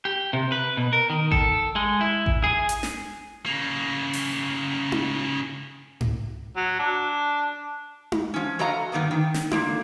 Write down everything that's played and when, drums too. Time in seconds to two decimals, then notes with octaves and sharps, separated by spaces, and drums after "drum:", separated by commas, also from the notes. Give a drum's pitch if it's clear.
0.05 G4
0.33 C3
0.52 B4
0.77 B2
0.93 A#4
1.10 D#3
1.32 A4, drum: kick A1
1.76 G#3
2.01 E4
2.26 drum: kick A1
2.44 G#4
2.69 drum: hi-hat
2.83 drum: snare
3.46 C#3 A#3
4.13 drum: open hi-hat
4.92 drum: tom D#4
6.01 drum: tom G#2
6.56 F#3
6.79 D4
8.12 drum: tom D#4
8.34 F3 C#4
8.59 F3 F#4 A4 D#5 F5 A#5
8.92 G2 D#3 A#3 B3
9.11 D#3
9.34 drum: snare
9.51 D3 F3 A#3, drum: tom D#4